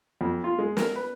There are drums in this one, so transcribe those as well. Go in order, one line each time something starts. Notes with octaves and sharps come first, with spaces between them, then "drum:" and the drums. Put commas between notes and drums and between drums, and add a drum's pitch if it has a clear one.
F2
F4
G#3
A#4, drum: snare
B4